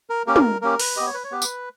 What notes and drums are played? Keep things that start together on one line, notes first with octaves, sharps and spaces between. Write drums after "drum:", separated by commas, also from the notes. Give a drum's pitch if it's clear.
A#4
A#3 C#4 G4 A#4
drum: tom
A#3 C#4 G4 A#4
B4, drum: open hi-hat
B3 G4 D#5
C#5
B4
C#5
B3 G4 B4
drum: tambourine